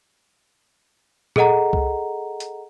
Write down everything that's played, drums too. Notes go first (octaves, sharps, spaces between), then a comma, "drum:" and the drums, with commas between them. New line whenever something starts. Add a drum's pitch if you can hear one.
G#4 A4 D#5 F#5 A#5, drum: tom A#2
drum: kick C#2
drum: hi-hat